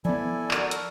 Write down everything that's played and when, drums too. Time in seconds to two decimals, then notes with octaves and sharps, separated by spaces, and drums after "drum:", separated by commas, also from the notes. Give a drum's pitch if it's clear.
0.05 F3 B3 E4 A4 D5 G#5
0.51 F#4 A4 A#4, drum: clap
0.71 drum: hi-hat